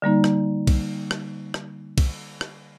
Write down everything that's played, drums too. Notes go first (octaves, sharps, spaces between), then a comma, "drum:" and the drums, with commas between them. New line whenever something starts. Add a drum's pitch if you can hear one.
D3 G3 A#3 D#4
drum: rim click
drum: kick B1, cymbal
drum: rim click
drum: rim click
drum: kick B1, cymbal
drum: rim click